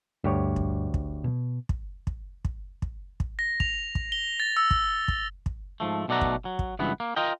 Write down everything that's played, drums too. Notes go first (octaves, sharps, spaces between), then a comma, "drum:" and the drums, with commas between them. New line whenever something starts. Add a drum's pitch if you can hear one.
D2 G2 G4 C#5
drum: kick
drum: kick
B2
drum: kick
drum: kick
drum: kick
drum: kick
drum: kick
A#6
F7, drum: kick
drum: kick
G7
A6
E6
drum: kick
drum: kick
drum: kick
G#2 F3 A3
B1 B2 A3 D5 F#5 A#5
drum: kick
F#3
drum: kick
C#2 G2 E3 B3
A#3
F4 A#4 D#5 G5